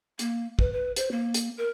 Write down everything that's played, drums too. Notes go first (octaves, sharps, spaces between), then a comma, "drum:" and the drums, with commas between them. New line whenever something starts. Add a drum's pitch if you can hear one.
A#3, drum: hi-hat
B4, drum: kick
B4
C5, drum: hi-hat
A#3
drum: hi-hat
A#4